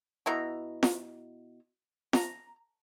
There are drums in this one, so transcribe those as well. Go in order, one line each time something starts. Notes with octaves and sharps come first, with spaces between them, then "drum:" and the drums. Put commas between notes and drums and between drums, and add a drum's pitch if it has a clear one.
B2 E4 A#5
drum: snare
A#5, drum: snare